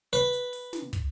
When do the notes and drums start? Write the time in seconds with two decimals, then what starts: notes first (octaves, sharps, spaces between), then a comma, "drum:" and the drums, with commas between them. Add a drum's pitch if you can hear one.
0.13 B4, drum: hi-hat
0.33 drum: hi-hat
0.53 drum: open hi-hat
0.73 drum: snare
0.93 drum: kick, hi-hat